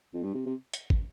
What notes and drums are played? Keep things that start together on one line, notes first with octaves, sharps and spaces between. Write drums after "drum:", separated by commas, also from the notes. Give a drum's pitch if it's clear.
F2
G2
C3
C3
drum: hi-hat
drum: kick